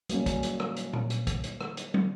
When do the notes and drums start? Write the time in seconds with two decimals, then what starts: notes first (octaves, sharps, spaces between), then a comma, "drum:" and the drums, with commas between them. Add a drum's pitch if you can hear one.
0.09 F#3 G3 A#3 C#4, drum: hi-hat
0.26 drum: kick, hi-hat
0.43 drum: hi-hat
0.60 drum: rim click
0.77 drum: hi-hat
0.93 drum: tom A#2
1.10 drum: hi-hat
1.27 drum: kick, hi-hat
1.44 drum: hi-hat
1.61 drum: rim click
1.77 drum: hi-hat
1.94 drum: tom